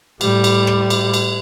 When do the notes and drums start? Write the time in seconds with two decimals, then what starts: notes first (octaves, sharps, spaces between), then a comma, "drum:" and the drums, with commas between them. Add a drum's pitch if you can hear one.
0.21 A2 G3, drum: cymbal
0.44 drum: cymbal
0.67 drum: rim click
0.90 drum: cymbal
1.14 drum: cymbal